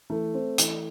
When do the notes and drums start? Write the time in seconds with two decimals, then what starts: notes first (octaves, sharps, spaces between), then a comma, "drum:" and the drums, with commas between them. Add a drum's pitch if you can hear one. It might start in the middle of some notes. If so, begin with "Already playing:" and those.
0.10 E3 A3
0.34 C4
0.58 E3, drum: hi-hat